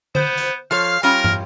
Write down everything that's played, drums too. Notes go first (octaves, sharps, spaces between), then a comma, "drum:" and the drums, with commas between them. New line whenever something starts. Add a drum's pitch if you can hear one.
B3 C5, drum: tom D3
drum: hi-hat
F3 A4 C#5 F5 F6
G3 C#4 F4 A#4, drum: hi-hat
drum: tom